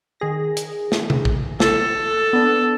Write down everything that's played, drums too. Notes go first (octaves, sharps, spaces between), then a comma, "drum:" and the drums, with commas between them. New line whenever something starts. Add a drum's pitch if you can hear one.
D#3 G#4 A#6
drum: hi-hat
drum: snare
drum: tom C3
drum: kick
A4, drum: snare
B3 D4